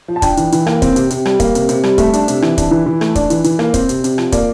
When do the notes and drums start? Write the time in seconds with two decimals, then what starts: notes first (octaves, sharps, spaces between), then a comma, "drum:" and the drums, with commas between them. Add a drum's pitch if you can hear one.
0.08 F3
0.16 A5
0.22 D4 G5, drum: kick, hi-hat
0.37 E3, drum: hi-hat
0.52 E3, drum: hi-hat
0.67 A#3, drum: rim click
0.82 C4, drum: kick, hi-hat
0.96 C3, drum: hi-hat
1.10 C3, drum: hi-hat
1.25 G3, drum: rim click
1.40 A#3, drum: kick, hi-hat
1.55 C3, drum: hi-hat
1.69 C3, drum: hi-hat
1.83 G3, drum: rim click
1.98 A3 E5, drum: kick, hi-hat
2.13 D4, drum: hi-hat
2.28 C3, drum: hi-hat
2.42 E3, drum: rim click
2.58 D4, drum: kick, hi-hat
2.71 E3
2.86 E3
3.01 A3, drum: rim click
3.15 D4 D5, drum: kick, hi-hat
3.30 E3, drum: hi-hat
3.44 E3, drum: hi-hat
3.59 A#3, drum: rim click
3.74 C4, drum: kick, hi-hat
3.89 C3, drum: hi-hat
4.04 C3, drum: hi-hat
4.18 F3, drum: rim click
4.32 A#3 D5, drum: kick, hi-hat